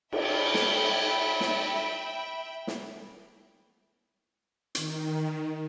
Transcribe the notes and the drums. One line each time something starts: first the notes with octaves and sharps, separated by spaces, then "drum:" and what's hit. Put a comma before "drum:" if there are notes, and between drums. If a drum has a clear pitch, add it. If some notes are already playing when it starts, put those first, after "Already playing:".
E5 G5 B5, drum: cymbal
drum: snare
drum: snare
drum: snare
D#3, drum: hi-hat